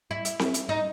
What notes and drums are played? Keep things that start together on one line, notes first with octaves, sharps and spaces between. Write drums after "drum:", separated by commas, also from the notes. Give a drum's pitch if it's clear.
E4
drum: hi-hat
drum: snare C4
drum: hi-hat
D#4